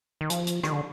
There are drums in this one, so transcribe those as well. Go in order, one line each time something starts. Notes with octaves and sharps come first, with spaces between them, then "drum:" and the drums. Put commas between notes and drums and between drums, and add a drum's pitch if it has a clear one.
D#3
F3, drum: hi-hat
drum: hi-hat
D#3, drum: rim click
D3